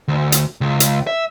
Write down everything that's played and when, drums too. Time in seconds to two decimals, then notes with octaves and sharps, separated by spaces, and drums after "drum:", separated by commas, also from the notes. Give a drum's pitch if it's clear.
0.08 D2
0.32 drum: hi-hat
0.61 C#2
0.80 drum: hi-hat
1.07 E5